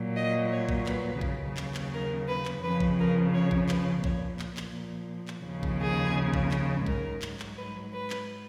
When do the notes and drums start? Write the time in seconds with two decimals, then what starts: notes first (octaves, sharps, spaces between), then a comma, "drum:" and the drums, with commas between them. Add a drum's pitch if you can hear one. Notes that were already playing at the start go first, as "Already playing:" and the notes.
Already playing: A#2 F#3
0.16 D#5
0.51 C#5
0.69 drum: kick
0.86 B4, drum: clap
1.21 D#2 C#3 F#3, drum: kick
1.57 drum: clap
1.75 drum: clap
1.93 A#4
2.28 B4
2.45 drum: clap
2.62 F2 C#3 F3 B4
2.80 drum: kick
2.98 A#4
3.33 C#5
3.51 drum: kick
3.69 B4, drum: clap
4.04 A#2 F3 C#5, drum: kick
4.39 drum: clap
4.57 drum: clap
5.28 drum: clap
5.45 D#2 C#3 F3
5.63 drum: kick
5.80 G#4
6.34 drum: kick
6.51 drum: clap
6.86 G#2 F#3 A#4, drum: kick
7.22 drum: clap
7.40 drum: clap
7.57 B4
7.92 B4
8.10 drum: clap